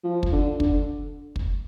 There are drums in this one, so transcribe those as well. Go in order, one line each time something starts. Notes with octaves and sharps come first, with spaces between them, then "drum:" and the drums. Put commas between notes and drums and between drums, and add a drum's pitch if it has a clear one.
F3
drum: kick
D3
D3, drum: kick
drum: kick